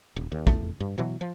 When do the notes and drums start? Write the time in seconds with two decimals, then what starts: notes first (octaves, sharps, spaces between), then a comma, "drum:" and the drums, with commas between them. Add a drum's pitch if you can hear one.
0.16 D#1
0.32 D#2
0.47 F1 E2 A3, drum: kick
0.80 G2
0.98 B2 E3 F#3
1.21 F3